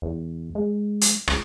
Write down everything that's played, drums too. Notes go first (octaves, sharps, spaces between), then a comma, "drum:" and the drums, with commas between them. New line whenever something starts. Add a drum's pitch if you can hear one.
E2
G#3
drum: hi-hat
C#2, drum: rim click